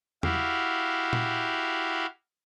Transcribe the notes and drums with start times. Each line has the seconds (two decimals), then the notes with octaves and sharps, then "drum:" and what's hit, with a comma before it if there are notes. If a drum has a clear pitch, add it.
0.23 E4 F#4 G4 F5, drum: tom E2
1.13 drum: tom A#2